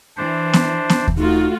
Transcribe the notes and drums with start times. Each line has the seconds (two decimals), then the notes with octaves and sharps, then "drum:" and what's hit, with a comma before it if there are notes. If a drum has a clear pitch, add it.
0.17 E3 D4 C5
0.53 drum: snare B3
0.90 drum: snare B3
1.08 drum: kick D#2
1.17 A3 D#4 F4 F#4